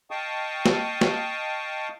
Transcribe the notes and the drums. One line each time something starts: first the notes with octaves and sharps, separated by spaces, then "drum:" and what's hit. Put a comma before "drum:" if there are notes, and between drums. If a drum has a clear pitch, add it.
D#5 F5 G5 A5 C#6 D#6
drum: snare
drum: snare